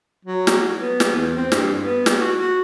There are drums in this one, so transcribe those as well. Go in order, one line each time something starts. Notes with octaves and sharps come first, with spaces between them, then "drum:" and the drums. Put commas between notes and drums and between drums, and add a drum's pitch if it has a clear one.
F#3
drum: snare
B3
drum: snare
E2
C4
G2, drum: snare
B3
drum: snare
F#4
F#4